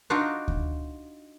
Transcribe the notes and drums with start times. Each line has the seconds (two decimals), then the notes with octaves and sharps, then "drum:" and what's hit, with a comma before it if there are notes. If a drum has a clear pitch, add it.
0.10 D4 D#4 F4 F#4
0.48 drum: kick D2